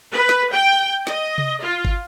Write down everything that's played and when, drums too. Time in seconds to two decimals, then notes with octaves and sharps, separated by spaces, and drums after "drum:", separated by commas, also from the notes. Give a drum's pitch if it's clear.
0.12 B4
0.29 drum: snare
0.52 G5
1.07 D#5, drum: snare
1.38 drum: tom C3
1.62 F4
1.85 drum: kick